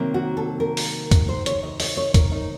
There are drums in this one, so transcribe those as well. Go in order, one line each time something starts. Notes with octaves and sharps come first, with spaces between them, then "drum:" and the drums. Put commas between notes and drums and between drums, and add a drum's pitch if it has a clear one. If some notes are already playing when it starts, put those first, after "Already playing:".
Already playing: C3 D#3 F#3 A#3
F#4
A4
A#4
drum: open hi-hat
drum: kick, hi-hat
C5
C#5, drum: hi-hat
D#5
D#5, drum: open hi-hat
C#5
A#4, drum: kick, hi-hat
D#4